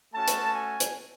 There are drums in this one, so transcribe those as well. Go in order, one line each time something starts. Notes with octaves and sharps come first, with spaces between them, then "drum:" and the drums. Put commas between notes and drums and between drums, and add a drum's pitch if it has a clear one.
A3 C#4 F#4 A5
drum: hi-hat
G#5
drum: hi-hat